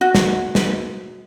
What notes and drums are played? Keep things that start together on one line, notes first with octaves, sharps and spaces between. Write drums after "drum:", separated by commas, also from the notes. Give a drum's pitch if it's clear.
F#4
drum: snare
drum: snare